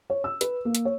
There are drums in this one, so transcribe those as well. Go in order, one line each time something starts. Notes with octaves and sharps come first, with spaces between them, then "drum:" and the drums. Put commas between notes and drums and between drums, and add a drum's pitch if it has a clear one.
C#5
E6
B4, drum: hi-hat
A#3
drum: hi-hat
C#5